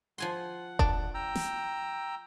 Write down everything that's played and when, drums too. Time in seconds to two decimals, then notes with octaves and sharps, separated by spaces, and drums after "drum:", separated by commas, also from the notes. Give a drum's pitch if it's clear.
0.18 F3 F#5 G#5 C6
0.79 D4, drum: kick F1
1.14 G5 A#5 E6
1.35 drum: snare